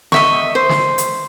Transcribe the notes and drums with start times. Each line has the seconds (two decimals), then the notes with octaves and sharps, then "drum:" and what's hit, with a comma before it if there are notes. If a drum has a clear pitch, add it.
0.12 D#5 E5 C#6, drum: snare
0.55 C5
0.69 drum: snare
0.98 drum: hi-hat